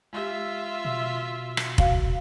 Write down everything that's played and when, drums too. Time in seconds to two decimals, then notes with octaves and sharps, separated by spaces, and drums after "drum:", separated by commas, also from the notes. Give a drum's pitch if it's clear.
0.13 G#3 F4 G4 E5
0.85 B2
1.57 drum: rim click
1.78 F#4 F5, drum: kick F1